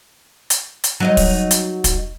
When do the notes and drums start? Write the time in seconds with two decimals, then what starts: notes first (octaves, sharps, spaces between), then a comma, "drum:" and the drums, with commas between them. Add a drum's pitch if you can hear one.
0.50 drum: hi-hat
0.84 drum: hi-hat
1.00 F#3 D#4 D#5
1.17 drum: kick, open hi-hat
1.51 drum: hi-hat
1.84 drum: kick, hi-hat